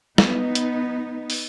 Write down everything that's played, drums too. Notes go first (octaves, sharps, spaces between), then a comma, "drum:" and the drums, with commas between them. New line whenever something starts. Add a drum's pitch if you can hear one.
B3 D#4, drum: snare
drum: hi-hat
drum: open hi-hat